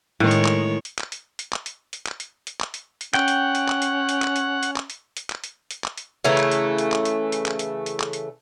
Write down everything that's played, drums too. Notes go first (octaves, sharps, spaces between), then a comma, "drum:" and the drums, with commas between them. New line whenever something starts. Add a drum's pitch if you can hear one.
A2 D#3 G#3 C#5
drum: hi-hat
drum: clap
drum: hi-hat
drum: clap
drum: hi-hat
drum: hi-hat
drum: clap
drum: hi-hat
drum: hi-hat
drum: clap
drum: hi-hat
drum: hi-hat
drum: clap
drum: hi-hat
drum: hi-hat
C#4 F#5 G5, drum: clap
drum: hi-hat
drum: hi-hat
drum: clap
drum: hi-hat
drum: hi-hat
drum: clap
drum: hi-hat
drum: hi-hat
drum: clap
drum: hi-hat
drum: hi-hat
drum: clap
drum: hi-hat
drum: hi-hat
drum: clap
drum: hi-hat
C#3 E3 A3 A#5
drum: clap
drum: hi-hat
drum: hi-hat
drum: clap
drum: hi-hat
drum: hi-hat
drum: clap
drum: hi-hat
drum: hi-hat
drum: clap
drum: hi-hat